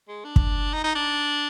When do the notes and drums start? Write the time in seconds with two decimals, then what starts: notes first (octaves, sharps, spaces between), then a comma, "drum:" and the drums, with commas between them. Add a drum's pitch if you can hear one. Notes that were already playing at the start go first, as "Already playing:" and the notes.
0.08 G#3
0.25 D4
0.36 drum: kick
0.73 D#4
0.84 D#4
0.95 D4